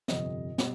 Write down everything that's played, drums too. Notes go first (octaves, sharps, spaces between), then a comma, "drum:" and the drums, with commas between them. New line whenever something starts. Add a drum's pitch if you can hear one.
G1 F2 C3 D#5, drum: snare
B2 G3, drum: snare